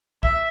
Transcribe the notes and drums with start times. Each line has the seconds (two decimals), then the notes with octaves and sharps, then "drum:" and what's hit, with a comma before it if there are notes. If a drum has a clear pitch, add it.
0.23 E5, drum: kick